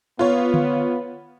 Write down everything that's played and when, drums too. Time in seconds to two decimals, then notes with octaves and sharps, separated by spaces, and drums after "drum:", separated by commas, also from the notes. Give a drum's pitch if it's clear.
0.19 B3 F4 C#5
0.54 drum: tom D3